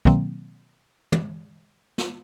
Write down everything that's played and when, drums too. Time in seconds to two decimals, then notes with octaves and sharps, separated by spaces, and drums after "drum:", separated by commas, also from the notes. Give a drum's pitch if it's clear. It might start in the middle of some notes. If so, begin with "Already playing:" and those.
0.05 B2 D#3 F#3 A#3 C4, drum: kick
1.12 drum: tom
1.98 drum: snare